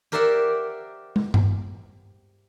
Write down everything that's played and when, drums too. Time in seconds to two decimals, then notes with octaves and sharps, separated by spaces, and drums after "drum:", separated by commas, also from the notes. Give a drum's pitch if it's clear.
0.12 G4 A#4 C5 D5 E5 F#5
1.16 drum: tom
1.34 drum: tom G2